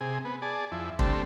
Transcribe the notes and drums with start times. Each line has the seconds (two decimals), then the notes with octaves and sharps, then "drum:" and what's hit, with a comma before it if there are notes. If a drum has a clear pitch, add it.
0.01 C3 G#4
0.25 B3
0.42 G#4 D5 A5
0.72 F2 E4
0.99 D3 G3 A3 C4, drum: kick